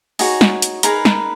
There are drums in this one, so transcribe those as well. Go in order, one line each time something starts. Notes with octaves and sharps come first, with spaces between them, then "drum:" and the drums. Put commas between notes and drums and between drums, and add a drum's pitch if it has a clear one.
D#4 F#4 G#4 C#5 G#5, drum: open hi-hat
drum: snare
drum: hi-hat
D#4 G#4 A#4 B4 A#5, drum: hi-hat
drum: snare